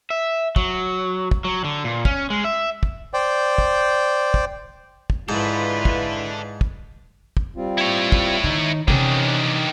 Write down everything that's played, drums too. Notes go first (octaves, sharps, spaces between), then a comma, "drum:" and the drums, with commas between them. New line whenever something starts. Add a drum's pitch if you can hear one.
E5
F#3, drum: kick
drum: kick
F#3
D3
A#2
C#4, drum: kick
G#3
E5
drum: kick
C5 D5 G5
drum: kick
drum: kick
drum: kick
G#2 D4 E4 F4 A4 B4
drum: kick
drum: kick
drum: kick
G3 C4 F4
E4 C#5
drum: kick
D#3 D#4
C3 D#3 E3 C#4 D4, drum: kick